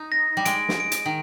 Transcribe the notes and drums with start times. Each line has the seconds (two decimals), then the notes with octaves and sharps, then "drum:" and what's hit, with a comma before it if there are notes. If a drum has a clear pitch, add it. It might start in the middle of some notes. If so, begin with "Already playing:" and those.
Already playing: D#4
0.12 A#6
0.37 G3
0.45 G#3 D7, drum: hi-hat
0.69 drum: snare
0.80 D7
0.92 drum: hi-hat
1.06 D#3